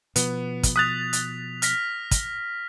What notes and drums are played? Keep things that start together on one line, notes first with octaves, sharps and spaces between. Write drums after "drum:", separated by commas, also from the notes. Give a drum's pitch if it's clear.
B2 F3 B3, drum: hi-hat
drum: kick, hi-hat
D#6 F#6 A6 B6 F7
drum: hi-hat
F6 A#6 B6, drum: hi-hat
drum: kick, hi-hat